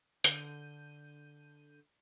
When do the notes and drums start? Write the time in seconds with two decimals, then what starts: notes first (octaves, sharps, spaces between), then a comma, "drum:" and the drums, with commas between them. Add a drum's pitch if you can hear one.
0.24 D3 G6 D#7, drum: hi-hat